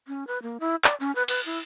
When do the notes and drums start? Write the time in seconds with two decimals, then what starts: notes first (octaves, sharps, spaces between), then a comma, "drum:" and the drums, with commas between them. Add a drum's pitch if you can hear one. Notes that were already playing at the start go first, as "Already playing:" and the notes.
0.08 C#4
0.27 B4
0.42 A#3
0.60 E4
0.84 D5, drum: clap
1.00 C#4
1.15 B4
1.28 B4, drum: cymbal
1.46 E4